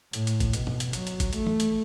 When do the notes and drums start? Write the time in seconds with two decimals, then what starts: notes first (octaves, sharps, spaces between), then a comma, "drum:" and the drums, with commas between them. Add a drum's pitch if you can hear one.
0.13 A2, drum: hi-hat
0.27 drum: hi-hat
0.40 drum: kick G1, hi-hat
0.53 B2, drum: hi-hat
0.67 drum: tom G2
0.80 drum: hi-hat
0.93 F#3, drum: hi-hat
1.07 drum: hi-hat
1.20 drum: kick G1, hi-hat
1.33 A3, drum: hi-hat
1.46 drum: tom
1.60 drum: hi-hat